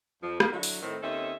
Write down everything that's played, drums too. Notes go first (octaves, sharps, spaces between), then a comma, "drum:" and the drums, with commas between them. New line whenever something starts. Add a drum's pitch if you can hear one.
F2 F3
A#3 B3, drum: rim click
D3 F#3 E4 F#4
drum: open hi-hat
A2 D#3 C4
D#2 C4 C#4 A4 D#5 E5